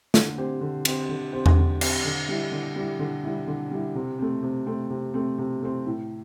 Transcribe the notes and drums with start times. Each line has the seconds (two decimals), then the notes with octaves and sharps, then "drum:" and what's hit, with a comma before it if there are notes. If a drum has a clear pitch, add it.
0.14 D3, drum: snare
0.38 C4 G4 C5
0.61 D3
0.85 C4 G4 C5, drum: cymbal
1.09 D3
1.33 C4 G4 C5
1.46 drum: tom E2
1.57 D3
1.81 C4 G4 C5, drum: cymbal
2.05 D3
2.28 G3 E4
2.52 D3
2.76 G3 E4
2.99 D3
3.24 G3 E4
3.47 D3
3.71 G3 E4
3.95 C3
4.19 A3 C4
4.43 C3
4.67 A3 C4
4.90 C3
5.14 A3 C4
5.38 C3
5.62 A3 C4
5.86 A2